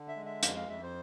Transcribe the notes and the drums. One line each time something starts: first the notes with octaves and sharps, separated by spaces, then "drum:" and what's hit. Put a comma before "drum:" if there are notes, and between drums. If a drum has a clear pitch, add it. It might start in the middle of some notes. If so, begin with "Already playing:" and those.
Already playing: D3
E5
G#3
E5
F2 F5, drum: hi-hat
F5
F2 E5
C5